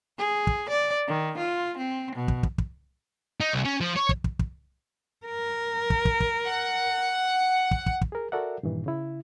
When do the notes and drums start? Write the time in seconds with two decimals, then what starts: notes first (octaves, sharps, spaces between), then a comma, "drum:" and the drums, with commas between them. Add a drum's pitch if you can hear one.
0.18 G#4
0.47 drum: kick
0.69 D5
1.07 D#3
1.38 F4
1.78 C4
2.16 B2
2.28 drum: kick
2.43 drum: kick
2.58 drum: kick
3.40 D#4
3.53 C2
3.65 C#4
3.81 F3
3.96 C#5
4.09 drum: kick
4.24 drum: kick
4.39 drum: kick
5.26 A#4
5.90 drum: kick
6.05 drum: kick
6.20 drum: kick
6.45 F#5
7.71 drum: kick
7.86 drum: kick
8.01 drum: kick
8.12 G#4 A#4
8.32 F#4 A4 A#4 D5 E5 F#5
8.63 G2 A#2 D#3 E3
8.86 C#3 E4